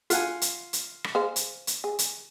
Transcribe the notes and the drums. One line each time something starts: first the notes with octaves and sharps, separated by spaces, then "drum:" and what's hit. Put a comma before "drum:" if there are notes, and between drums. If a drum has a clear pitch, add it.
F4 F#5 G#5, drum: hi-hat
drum: hi-hat
drum: hi-hat
drum: rim click
G#4 C5 F5
drum: hi-hat
drum: hi-hat
G#4
drum: hi-hat